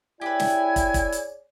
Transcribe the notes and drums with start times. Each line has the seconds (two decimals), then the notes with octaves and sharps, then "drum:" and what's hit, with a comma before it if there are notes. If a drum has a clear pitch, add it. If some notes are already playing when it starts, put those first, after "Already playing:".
0.21 E4 G4 G#4 B4 C#5 D5 G#5
0.40 drum: snare
0.76 drum: kick, hi-hat
0.94 drum: kick, hi-hat
1.12 drum: hi-hat